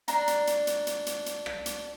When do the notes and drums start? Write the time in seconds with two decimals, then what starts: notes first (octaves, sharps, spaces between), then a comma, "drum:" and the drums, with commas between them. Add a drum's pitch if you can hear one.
0.08 D4 A#5, drum: hi-hat
0.28 drum: hi-hat
0.47 drum: hi-hat
0.67 drum: hi-hat
0.87 drum: hi-hat
1.06 drum: hi-hat
1.26 drum: hi-hat
1.46 drum: rim click
1.66 drum: hi-hat